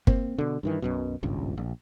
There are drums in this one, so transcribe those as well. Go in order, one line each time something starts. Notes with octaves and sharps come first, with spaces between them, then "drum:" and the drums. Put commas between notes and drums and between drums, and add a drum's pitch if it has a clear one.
A#3 C4, drum: kick
B2 D3
G2 D#3 E3
B1 F#2 B2
D#1 G#1 C#2 G2
A#1